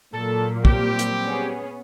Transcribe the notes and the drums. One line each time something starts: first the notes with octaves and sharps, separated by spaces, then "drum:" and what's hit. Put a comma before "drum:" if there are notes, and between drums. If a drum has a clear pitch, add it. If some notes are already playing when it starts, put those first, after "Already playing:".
A#2 F#3 A#3 A4
G3 C4 G4, drum: kick
drum: hi-hat
B3 C#4 G#4